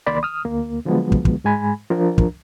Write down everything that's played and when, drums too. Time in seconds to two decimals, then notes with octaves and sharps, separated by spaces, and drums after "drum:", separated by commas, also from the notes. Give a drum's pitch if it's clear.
0.06 C2 D#3 A#3 D5 B5 C6
0.23 D#6 F6
0.45 D2 A#3
0.85 D3 F3 F#3 G#3 B3
1.12 drum: kick
1.25 drum: kick
1.44 G#2 G#3 G#5 B5
1.90 F3 D4 A#4
2.18 drum: kick